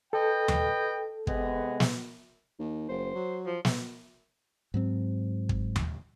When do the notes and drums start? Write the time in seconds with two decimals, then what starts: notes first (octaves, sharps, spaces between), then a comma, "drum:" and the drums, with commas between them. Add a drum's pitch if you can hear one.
0.13 A4 B4 D#5 G5
0.48 drum: tom D#2
1.27 C3 G#3 B3, drum: kick
1.80 drum: snare
2.59 D#2
2.89 F#1 C5
3.15 F#3
3.47 F3
3.65 drum: snare
4.74 G#2 F#3 C4
5.49 drum: kick
5.76 drum: tom D#2